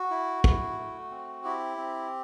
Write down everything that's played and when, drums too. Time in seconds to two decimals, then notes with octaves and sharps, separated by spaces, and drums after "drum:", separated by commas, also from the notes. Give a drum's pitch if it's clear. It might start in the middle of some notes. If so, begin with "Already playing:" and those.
Already playing: F#4
0.10 E4
0.44 E4, drum: kick
0.78 A3
1.11 C4
1.44 E4 G4
1.77 C4